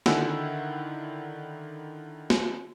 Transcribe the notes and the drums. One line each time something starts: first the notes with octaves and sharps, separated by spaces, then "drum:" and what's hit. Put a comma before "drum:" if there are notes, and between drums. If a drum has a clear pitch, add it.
D3 D#3 E4 F#5 E6, drum: snare
drum: snare